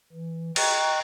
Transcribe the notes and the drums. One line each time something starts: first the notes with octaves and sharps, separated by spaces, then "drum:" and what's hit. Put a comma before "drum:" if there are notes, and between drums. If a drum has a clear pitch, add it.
E3
D#5 G5 A#5 C#6 F#6, drum: cymbal